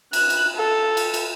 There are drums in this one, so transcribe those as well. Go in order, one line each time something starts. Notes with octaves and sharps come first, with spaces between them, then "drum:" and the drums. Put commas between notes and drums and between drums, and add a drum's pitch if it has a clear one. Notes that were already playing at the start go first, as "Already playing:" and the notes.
F#6, drum: cymbal
drum: cymbal
A4
drum: cymbal
drum: cymbal